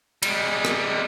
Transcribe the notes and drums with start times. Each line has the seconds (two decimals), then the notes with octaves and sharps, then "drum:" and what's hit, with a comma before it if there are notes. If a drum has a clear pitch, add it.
0.23 G3 G#3, drum: cymbal
0.65 drum: rim click